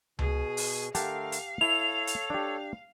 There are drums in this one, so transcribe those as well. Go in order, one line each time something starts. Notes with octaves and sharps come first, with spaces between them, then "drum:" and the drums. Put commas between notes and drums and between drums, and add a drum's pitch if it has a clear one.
B2 G#4, drum: tom C#2
drum: open hi-hat
D3 A3 G4 A#4 F5 F#5 A5, drum: hi-hat
drum: hi-hat
E4 A4 C#5 F7
drum: hi-hat
D4 G4